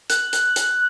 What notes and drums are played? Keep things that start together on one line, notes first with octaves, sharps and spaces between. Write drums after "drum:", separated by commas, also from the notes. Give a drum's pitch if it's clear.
F#6, drum: hi-hat
drum: hi-hat
drum: hi-hat